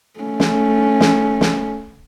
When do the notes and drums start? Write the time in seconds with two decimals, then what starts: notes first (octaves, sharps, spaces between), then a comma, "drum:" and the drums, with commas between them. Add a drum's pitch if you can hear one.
0.19 A3 C#4
0.40 drum: snare
1.00 drum: snare
1.41 drum: snare